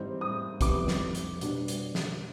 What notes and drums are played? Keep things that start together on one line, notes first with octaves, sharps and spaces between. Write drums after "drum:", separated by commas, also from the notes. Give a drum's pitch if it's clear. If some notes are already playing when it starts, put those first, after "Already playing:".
Already playing: G#2 E3 G3 C4 D#4
D#6
F2 C3 E3 G3 B3 D6, drum: kick, hi-hat
drum: snare
drum: hi-hat
B2 G3 B3 D4, drum: hi-hat
drum: hi-hat
drum: snare